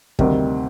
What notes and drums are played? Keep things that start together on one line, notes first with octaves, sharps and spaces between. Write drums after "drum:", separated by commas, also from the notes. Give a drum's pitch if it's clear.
D2 C3 D#3 G3, drum: kick